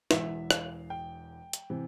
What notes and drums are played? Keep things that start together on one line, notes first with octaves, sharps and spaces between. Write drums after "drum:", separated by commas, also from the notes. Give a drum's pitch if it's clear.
E1 E2 E3 E5, drum: snare
F5, drum: rim click
G5
drum: hi-hat
C3 E3